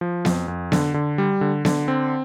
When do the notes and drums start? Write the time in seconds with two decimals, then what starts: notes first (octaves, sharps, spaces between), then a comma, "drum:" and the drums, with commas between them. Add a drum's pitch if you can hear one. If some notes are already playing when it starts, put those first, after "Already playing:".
0.01 F3
0.25 F2, drum: snare B3
0.48 F2
0.72 D3, drum: snare B3
0.94 D3
1.18 G3
1.41 D3
1.65 D3, drum: snare B3
1.88 C4